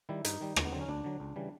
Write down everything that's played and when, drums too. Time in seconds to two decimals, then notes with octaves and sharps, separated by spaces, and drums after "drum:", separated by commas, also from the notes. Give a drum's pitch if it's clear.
0.09 D#3 G3 E4
0.25 G2 D#4, drum: hi-hat
0.41 D#3 G3
0.56 D2 A#3, drum: rim click
0.65 B3
0.72 D3 F#3 C4
0.81 C#4
0.88 D2 D4
1.04 D3 F#3
1.20 C#2
1.36 C#3 E3 G3